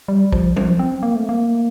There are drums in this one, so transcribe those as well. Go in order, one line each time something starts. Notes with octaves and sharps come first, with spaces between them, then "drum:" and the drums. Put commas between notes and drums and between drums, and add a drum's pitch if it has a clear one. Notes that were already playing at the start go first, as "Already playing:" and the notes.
G3
F3, drum: kick
F3, drum: tom F#3
C4
A#3
A3
A#3